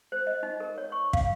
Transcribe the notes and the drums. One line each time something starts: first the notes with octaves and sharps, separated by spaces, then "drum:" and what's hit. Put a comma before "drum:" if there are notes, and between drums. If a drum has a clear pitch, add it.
C5
D#5
D#4
A#4
C#5
C#6
F5, drum: kick